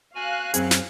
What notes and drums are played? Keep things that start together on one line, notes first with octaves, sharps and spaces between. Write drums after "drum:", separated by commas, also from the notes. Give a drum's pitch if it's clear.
F#4 F5 G#5 F#6
F#2 F#3 C4 G#4, drum: hi-hat
drum: snare